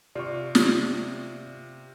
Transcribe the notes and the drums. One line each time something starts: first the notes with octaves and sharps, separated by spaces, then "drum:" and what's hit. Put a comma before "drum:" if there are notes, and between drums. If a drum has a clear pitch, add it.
C3 F4 D5 C#6
drum: snare